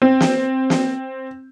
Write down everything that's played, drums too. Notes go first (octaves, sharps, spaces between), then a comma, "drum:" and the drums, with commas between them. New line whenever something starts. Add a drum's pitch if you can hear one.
C4
drum: snare
drum: snare